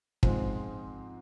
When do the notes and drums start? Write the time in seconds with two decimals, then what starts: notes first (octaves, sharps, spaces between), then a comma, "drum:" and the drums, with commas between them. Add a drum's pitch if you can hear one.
0.23 G#2 F3 G#3 C4, drum: kick